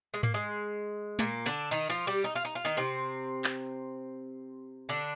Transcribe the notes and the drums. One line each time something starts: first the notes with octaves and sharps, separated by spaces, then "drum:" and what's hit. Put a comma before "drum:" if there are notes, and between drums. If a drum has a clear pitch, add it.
G#3
A#3, drum: tom G#2
G#3
A#2 A#3, drum: tom G#3
D3 D4
D#3 D#4, drum: cymbal
F3 F4
G3 G4, drum: hi-hat
D#4
F4
D#4
F4
D#3 D#4
C3 C4
drum: clap
D3 D4